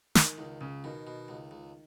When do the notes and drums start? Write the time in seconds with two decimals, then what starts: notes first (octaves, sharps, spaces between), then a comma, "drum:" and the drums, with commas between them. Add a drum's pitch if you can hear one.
0.15 D#3 G#3, drum: snare
0.38 C#2 D#3
0.61 C#2 C#3
0.84 B2 D#3
1.07 B2
1.28 C#2
1.51 C#2